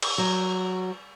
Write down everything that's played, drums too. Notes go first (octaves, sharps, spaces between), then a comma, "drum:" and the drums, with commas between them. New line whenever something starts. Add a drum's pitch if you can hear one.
drum: cymbal
F#3